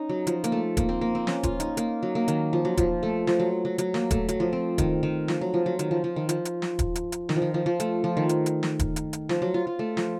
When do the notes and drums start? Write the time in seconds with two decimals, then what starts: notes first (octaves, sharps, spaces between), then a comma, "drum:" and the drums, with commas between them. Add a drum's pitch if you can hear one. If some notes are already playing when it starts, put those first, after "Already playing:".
Already playing: C#4 D#4
0.09 F#3
0.27 F3, drum: hi-hat
0.44 A#3, drum: hi-hat
0.52 A3
0.77 A#3, drum: kick D#1, hi-hat
0.89 C4
1.01 A#3
1.15 C4
1.27 C#4, drum: snare
1.43 F4, drum: kick D#1, hi-hat
1.60 D#4, drum: hi-hat
1.77 A#3, drum: hi-hat
2.03 F#3
2.15 A#3
2.28 D#3, drum: hi-hat
2.53 F3
2.65 F#3
2.77 F3, drum: kick D#1, hi-hat
3.03 A3
3.27 F3, drum: snare
3.40 F#3
3.65 F#3
3.78 F#3, drum: hi-hat
3.94 A#3, drum: snare
4.11 A3, drum: kick D#1, hi-hat
4.29 F#3, drum: hi-hat
4.40 F3
4.53 C4
4.78 D#3, drum: kick D#1, hi-hat
5.03 D#3
5.28 F3, drum: snare
5.41 F#3
5.54 F3
5.66 F#3
5.79 D#3, drum: hi-hat
5.91 F3
6.04 F3
6.16 D#3
6.29 F3, drum: hi-hat
6.45 drum: hi-hat
6.62 drum: snare
6.79 drum: kick D#1, hi-hat
6.95 drum: hi-hat
7.12 drum: hi-hat
7.29 D#3, drum: snare
7.36 F3
7.42 D#3
7.54 F3
7.66 F3
7.80 A3, drum: hi-hat
8.04 F3
8.17 D#3
8.29 drum: hi-hat
8.46 drum: hi-hat
8.63 drum: snare
8.79 drum: kick D#1, hi-hat
8.96 drum: hi-hat
9.13 drum: hi-hat
9.29 F3, drum: snare
9.42 F#3
9.54 F4
9.67 F4
9.79 A3
9.97 F3, drum: snare